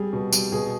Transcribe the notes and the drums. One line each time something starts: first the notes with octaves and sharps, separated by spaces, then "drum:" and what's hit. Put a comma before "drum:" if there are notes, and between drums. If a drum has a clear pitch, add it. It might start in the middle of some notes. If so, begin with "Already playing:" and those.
Already playing: G3 G#4
B2
G3, drum: tambourine
B2 G#4